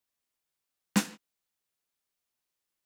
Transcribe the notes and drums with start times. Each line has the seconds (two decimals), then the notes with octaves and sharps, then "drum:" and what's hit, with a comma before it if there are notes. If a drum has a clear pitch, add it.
0.17 C#5 D#5 F5 F#5
0.96 drum: snare